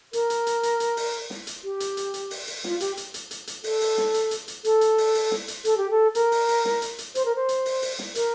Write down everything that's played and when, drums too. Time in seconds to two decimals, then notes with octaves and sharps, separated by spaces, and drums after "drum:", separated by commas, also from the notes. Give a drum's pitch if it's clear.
0.13 A#4, drum: hi-hat
0.30 drum: hi-hat
0.47 drum: hi-hat
0.63 drum: hi-hat
0.80 drum: hi-hat
0.97 drum: open hi-hat
1.30 drum: snare
1.47 drum: hi-hat
1.64 G4
1.80 drum: hi-hat
1.97 drum: hi-hat
2.14 drum: hi-hat
2.30 drum: open hi-hat
2.47 drum: open hi-hat
2.64 F4, drum: snare
2.80 G4, drum: hi-hat
2.97 drum: hi-hat
3.14 drum: hi-hat
3.31 drum: hi-hat
3.47 drum: hi-hat
3.64 A4, drum: open hi-hat
3.81 drum: open hi-hat
3.98 drum: snare
4.14 drum: hi-hat
4.31 drum: hi-hat
4.48 drum: hi-hat
4.65 A4, drum: hi-hat
4.81 drum: hi-hat
4.98 drum: open hi-hat
5.15 drum: open hi-hat
5.31 drum: snare
5.48 drum: hi-hat
5.65 A4, drum: hi-hat
5.77 G4
5.91 A4
6.15 A#4, drum: hi-hat
6.32 drum: open hi-hat
6.48 drum: open hi-hat
6.65 drum: snare
6.82 drum: hi-hat
6.98 drum: hi-hat
7.15 C5, drum: hi-hat
7.25 A#4
7.36 C5
7.49 drum: hi-hat
7.65 drum: open hi-hat
7.82 drum: open hi-hat
7.99 drum: snare
8.15 A#4, drum: hi-hat